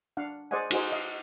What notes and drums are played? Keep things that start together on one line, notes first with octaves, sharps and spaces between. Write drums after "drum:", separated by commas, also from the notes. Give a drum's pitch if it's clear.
D4 F5 F#5
G#4 C5 D5 D#5 F#5 G#5
D#4 F#4 G#4 C5, drum: cymbal
D#5 F5